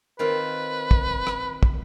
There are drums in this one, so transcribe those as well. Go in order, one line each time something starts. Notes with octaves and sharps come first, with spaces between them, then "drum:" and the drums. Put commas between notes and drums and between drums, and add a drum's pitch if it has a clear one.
D#3 C4 F4 B4
drum: kick
drum: rim click
drum: kick